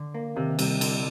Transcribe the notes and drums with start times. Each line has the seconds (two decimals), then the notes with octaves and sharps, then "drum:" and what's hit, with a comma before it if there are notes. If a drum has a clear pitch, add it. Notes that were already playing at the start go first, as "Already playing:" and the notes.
Already playing: D3
0.14 A#3
0.36 D#2 C3
0.59 C3 G3, drum: cymbal
0.81 D3, drum: cymbal